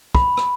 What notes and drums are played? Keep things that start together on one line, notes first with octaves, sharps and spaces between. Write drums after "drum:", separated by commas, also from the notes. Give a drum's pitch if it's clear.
B5, drum: kick
drum: rim click